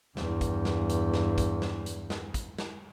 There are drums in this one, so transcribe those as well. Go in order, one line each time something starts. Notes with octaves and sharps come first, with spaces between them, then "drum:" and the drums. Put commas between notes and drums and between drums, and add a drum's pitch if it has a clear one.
E2 G2, drum: snare
drum: kick A1, hi-hat
drum: snare
drum: hi-hat
drum: snare
drum: kick A1, hi-hat
drum: snare
drum: hi-hat
drum: snare
drum: kick A1, hi-hat
drum: snare